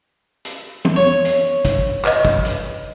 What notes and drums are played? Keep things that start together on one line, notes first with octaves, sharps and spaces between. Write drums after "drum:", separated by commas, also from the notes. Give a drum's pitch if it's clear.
drum: hi-hat
drum: tom E3
C#5
drum: hi-hat
drum: kick, hi-hat
B4 D#5, drum: clap
drum: kick
drum: hi-hat